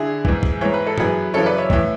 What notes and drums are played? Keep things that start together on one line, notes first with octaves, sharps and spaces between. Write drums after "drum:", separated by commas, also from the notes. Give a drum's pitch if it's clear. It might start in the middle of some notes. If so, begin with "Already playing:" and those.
Already playing: D3 E4 G#4
G#2 E3, drum: kick
drum: kick
G#2 E3 C#5
B4
A4
F#2 E3 G#4 B4, drum: tom G2
F#2 C#3 E3 A4 C#5
B4 D5
C#5 E5
A2 E3 C#5 E5, drum: kick